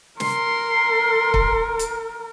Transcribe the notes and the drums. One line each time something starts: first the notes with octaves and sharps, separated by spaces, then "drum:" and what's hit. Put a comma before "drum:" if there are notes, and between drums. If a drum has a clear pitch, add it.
A#4 C6, drum: snare
drum: kick
drum: hi-hat